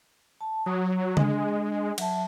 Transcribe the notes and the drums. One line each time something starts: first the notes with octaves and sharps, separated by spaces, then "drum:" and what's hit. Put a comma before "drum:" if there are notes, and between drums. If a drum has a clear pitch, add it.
A5
F#3 D#6
G#3 D4, drum: tom C#3
F#3 E5 A5, drum: cymbal